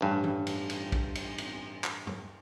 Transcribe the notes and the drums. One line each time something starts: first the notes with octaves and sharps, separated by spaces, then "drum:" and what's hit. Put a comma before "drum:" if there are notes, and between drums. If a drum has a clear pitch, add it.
A1 G2
drum: tom E3
drum: cymbal
drum: cymbal
drum: kick
drum: cymbal
drum: cymbal
drum: clap
drum: tom